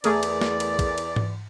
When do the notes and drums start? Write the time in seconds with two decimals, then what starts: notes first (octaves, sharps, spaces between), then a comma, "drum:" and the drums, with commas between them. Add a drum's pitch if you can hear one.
0.04 E2 A3 G#4 A#4 D5, drum: cymbal
0.23 drum: cymbal
0.41 drum: snare
0.60 drum: cymbal
0.79 drum: kick, cymbal
0.98 drum: cymbal
1.16 drum: tom G#2